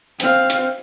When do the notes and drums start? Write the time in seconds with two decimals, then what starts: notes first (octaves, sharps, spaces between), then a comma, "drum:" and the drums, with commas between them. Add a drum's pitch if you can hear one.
0.20 C4 F5, drum: hi-hat
0.50 drum: hi-hat